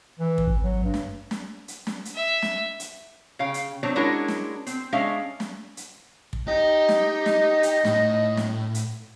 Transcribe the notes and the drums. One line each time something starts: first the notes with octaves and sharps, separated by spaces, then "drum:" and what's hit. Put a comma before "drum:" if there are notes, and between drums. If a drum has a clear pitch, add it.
E3
drum: kick
G#1
F#3
G2
drum: snare
drum: snare
drum: hi-hat
drum: snare
drum: hi-hat
E5
drum: snare
drum: hi-hat
C#3 F5 G5
drum: hi-hat
D#3 F#3 C4 D4
G#3 C#4 D4 E4 F#4 A#4
drum: snare
C4, drum: hi-hat
G#3 C#4 D4 E5 F5
drum: snare
drum: hi-hat
drum: kick
D#4 G4 D#5
drum: snare
drum: snare
drum: hi-hat
A2, drum: snare
drum: snare
drum: hi-hat